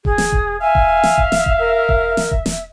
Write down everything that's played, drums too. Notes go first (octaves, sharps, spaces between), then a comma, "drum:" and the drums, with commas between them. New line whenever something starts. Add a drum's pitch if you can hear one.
G#4, drum: kick E1
drum: snare
drum: kick E1
E5 F5 G#5
drum: kick E1
drum: snare
drum: kick E1
drum: snare
drum: kick E1
A#4
drum: kick E1
drum: snare
drum: kick E1
drum: snare